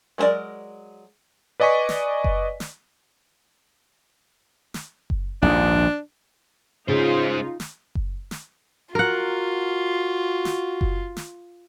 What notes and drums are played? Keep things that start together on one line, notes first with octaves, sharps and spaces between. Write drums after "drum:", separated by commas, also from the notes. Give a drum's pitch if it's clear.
F#3 G#3 B3 A#4 D5
B4 D5 D#5 G#5 C#6 B6
drum: snare
drum: kick F#1
drum: snare
drum: snare
drum: kick F#1
A#1 D#2 G#2 D4
C#3 G#3 D#4 F4 C5
drum: snare
drum: kick F#1
drum: snare
F4 F#4 A#4 F#5
drum: snare
drum: kick F#1
drum: snare